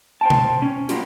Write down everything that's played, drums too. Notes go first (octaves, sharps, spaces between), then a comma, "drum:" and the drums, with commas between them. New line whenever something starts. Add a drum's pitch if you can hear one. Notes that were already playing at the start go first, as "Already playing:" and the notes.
C5 G5 A5
drum: tom B2
C#4
F#3 G3 A#3 B3 F4 G4, drum: hi-hat